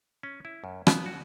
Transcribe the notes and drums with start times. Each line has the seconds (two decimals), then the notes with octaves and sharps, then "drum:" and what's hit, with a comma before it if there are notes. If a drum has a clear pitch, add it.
0.23 C#4
0.45 E4
0.64 F#2
0.87 B3, drum: rim click
1.06 F#4